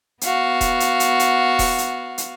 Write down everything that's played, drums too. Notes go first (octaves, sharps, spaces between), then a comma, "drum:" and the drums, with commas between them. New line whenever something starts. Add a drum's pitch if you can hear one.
B3 F#4 F5, drum: hi-hat
drum: kick D#1, hi-hat
drum: hi-hat
drum: hi-hat
drum: hi-hat
drum: kick D#1, open hi-hat
drum: hi-hat
drum: hi-hat